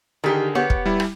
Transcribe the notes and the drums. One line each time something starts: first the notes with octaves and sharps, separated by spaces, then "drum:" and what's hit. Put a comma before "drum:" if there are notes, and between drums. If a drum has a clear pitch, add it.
D3 D#3 G4 G#4 A#4
B3 G4 C#5
drum: kick
G3 E4
drum: rim click